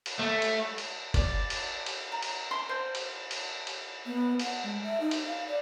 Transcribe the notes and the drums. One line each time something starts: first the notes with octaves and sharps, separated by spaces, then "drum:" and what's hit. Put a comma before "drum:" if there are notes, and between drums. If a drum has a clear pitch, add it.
drum: cymbal
A3
drum: cymbal
drum: cymbal
D5, drum: kick, cymbal
drum: cymbal
drum: cymbal
A#5
drum: cymbal
C6
C5
drum: cymbal
drum: cymbal
drum: cymbal
B3
F#5, drum: cymbal
G#3
E5
D#4
drum: cymbal
F5
D5